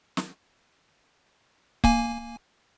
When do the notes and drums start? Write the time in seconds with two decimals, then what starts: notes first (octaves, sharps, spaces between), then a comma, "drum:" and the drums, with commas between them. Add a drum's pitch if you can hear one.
0.17 drum: snare
1.84 A#3 G#5, drum: kick C#1